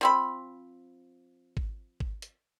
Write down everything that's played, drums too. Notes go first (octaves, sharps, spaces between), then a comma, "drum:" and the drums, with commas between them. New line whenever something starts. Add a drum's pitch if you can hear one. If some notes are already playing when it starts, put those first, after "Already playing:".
F3 C4 B5
drum: kick G#1
drum: kick G#1
drum: hi-hat